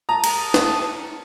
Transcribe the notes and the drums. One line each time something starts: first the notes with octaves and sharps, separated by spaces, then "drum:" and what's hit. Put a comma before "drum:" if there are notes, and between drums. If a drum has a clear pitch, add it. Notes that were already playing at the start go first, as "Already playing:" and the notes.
A5 A#5 D#6
drum: cymbal
drum: snare